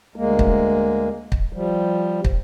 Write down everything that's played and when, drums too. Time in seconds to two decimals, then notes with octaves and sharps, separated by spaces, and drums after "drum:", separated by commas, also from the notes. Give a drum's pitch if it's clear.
0.16 D2 G#3 A#3
0.39 drum: kick
1.32 drum: kick
1.53 F3 G3
2.25 drum: kick